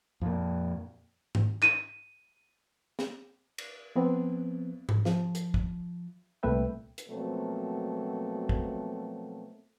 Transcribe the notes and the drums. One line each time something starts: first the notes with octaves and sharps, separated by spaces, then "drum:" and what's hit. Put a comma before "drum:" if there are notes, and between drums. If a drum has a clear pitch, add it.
F2 A#2
drum: tom G#2
D#7, drum: clap
drum: snare
drum: cymbal
F3 B3 C4
drum: tom G#2
F3, drum: snare
drum: hi-hat
drum: kick
C2 A#2 A3 B4 E5 G5
drum: hi-hat
B2 F3 F#3 A3 A#3 C4
drum: kick